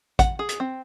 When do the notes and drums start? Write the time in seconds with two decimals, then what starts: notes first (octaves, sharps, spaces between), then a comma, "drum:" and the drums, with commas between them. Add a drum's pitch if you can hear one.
0.19 F#5, drum: kick A1, hi-hat
0.39 G#4
0.49 drum: hi-hat
0.60 C4